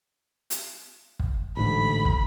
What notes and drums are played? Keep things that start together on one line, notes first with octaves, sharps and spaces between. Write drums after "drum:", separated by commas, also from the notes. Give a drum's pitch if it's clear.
drum: hi-hat
drum: kick
A1 G#2 D3 B5
drum: kick